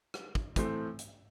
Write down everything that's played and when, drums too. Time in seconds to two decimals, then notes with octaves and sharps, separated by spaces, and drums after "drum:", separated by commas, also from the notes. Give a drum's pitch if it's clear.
0.14 drum: rim click
0.35 drum: kick
0.56 A2 E3 A3 C4, drum: kick, hi-hat
0.99 drum: hi-hat